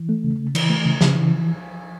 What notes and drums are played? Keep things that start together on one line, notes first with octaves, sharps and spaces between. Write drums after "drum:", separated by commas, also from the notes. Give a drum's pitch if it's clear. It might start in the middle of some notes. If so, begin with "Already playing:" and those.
Already playing: E3
A3
C#3
C#3
E3, drum: cymbal
A3
C#3
C#3, drum: snare
E3